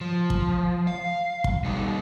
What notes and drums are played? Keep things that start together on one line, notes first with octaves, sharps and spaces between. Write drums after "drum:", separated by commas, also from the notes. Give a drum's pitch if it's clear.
F3
drum: kick
F5
drum: kick
B2 G3 D#4